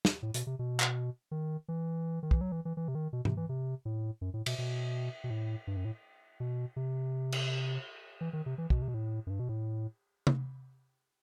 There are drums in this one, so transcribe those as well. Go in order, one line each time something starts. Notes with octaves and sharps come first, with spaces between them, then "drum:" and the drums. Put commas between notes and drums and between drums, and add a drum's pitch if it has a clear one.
drum: snare
A2
B2, drum: hi-hat
C3
B2
drum: clap
D#3
E3
D#3
E3, drum: kick
F#3
E3
E3
E3
C3
D#3
B2
C3, drum: tom G#2
E3
C3
A2
F#2
A2
B2, drum: cymbal
B2
B2
A2
G2
F#2
A2
B2
C3
drum: cymbal
E3
D#3
C3
E3
B2, drum: kick
C3
B2
A2
F#2
G2
B2
A2
drum: tom C3